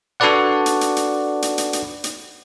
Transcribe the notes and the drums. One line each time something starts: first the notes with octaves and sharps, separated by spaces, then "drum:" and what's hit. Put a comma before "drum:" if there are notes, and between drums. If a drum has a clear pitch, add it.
D4 F#4 A4 B4 D5 F#5
drum: hi-hat
drum: hi-hat
drum: hi-hat
drum: hi-hat
drum: hi-hat
drum: hi-hat
drum: hi-hat